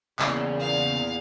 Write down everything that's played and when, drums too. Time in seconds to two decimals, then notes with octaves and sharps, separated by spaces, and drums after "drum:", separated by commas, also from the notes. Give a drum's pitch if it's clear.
0.19 E2 A#2 C#3, drum: clap
0.60 F5